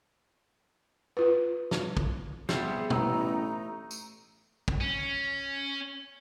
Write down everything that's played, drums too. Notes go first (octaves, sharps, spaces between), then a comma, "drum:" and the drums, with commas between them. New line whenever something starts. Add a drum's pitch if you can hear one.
F4 B4
drum: snare
drum: kick
G3 A#3 B3 G#4 C5 E5, drum: snare
A1 A3 D#4 A#5 E6, drum: tom
drum: tambourine
drum: kick
C#4